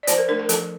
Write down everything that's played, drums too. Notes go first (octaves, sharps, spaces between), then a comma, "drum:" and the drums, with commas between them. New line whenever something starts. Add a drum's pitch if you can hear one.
D5
F3 C5, drum: hi-hat
A#4
A3 D4 A#4
A#4
F3 A4, drum: hi-hat